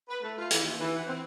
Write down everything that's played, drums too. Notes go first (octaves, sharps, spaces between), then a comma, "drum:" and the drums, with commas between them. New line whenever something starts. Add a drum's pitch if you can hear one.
B4
A3
F4
E3, drum: hi-hat
D#2
E3
F#5
C4